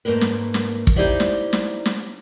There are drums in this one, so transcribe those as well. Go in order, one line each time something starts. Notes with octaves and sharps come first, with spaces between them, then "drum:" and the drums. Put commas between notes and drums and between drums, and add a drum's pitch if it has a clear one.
G#2 A3 A#3 A#4 B4
drum: snare
drum: snare
drum: kick
D#4 E4 G4 C5 D5 E5
drum: snare
drum: snare
drum: snare